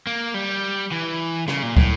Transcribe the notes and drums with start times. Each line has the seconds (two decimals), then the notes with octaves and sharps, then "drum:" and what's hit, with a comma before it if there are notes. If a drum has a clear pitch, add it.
0.07 A#3
0.34 G3
0.92 E3
1.48 C#3, drum: rim click
1.63 A#2
1.77 A2, drum: kick